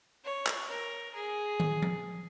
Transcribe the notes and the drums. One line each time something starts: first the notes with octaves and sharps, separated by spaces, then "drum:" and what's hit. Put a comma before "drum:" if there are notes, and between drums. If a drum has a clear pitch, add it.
C#5
drum: clap
A#4
G#4
drum: tom
drum: tom F3